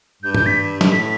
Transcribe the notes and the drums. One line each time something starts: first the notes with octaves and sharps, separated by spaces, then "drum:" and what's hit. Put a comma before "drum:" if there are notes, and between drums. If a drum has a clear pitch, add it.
G2 G6
G6, drum: tom
B6
G2, drum: snare
A2 B6